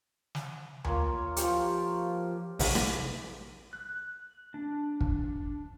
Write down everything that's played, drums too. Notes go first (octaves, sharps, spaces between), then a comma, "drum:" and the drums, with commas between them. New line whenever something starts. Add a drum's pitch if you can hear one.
drum: snare
A#3 F4 C#5, drum: tom D2
F3 F4 G4, drum: hi-hat
A#1 C3, drum: open hi-hat
drum: rim click
F#6
D4
drum: kick